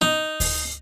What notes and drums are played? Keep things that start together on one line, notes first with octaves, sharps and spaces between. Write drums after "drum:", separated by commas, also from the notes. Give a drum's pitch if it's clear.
D#4, drum: snare B3
drum: kick D2, open hi-hat